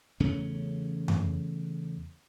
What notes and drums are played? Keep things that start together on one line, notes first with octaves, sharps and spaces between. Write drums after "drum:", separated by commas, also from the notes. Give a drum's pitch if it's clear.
E2 C#3 A3 C#4
drum: tom F2